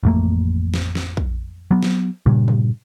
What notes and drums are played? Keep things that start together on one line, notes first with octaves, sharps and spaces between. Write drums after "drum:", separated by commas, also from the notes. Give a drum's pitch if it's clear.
A1 F2 A3 A#3
drum: snare
drum: snare
drum: kick
F#3 B3
drum: snare
G2 A#2 C#3 G3
drum: tom B2